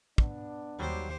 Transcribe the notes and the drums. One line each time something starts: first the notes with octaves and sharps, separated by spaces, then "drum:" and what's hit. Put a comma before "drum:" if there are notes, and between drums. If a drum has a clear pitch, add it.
B3 D4, drum: kick
D#2 F#3 G3 G4 C5